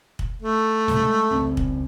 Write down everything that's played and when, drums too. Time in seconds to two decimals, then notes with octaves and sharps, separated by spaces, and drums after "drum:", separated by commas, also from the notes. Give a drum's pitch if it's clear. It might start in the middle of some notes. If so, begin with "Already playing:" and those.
0.19 drum: kick
0.42 A3
0.88 D1 C3, drum: snare
1.00 G#3
1.31 C#2 C4
1.57 drum: kick